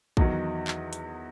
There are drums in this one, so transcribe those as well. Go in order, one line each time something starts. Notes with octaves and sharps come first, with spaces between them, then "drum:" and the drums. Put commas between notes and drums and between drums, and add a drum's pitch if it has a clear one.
E2 D#3 F#3, drum: kick
drum: clap
drum: hi-hat